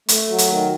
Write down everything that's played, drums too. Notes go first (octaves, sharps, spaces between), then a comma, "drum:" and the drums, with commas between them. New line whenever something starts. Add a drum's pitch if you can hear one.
A3, drum: hi-hat
F#3
drum: hi-hat
D#3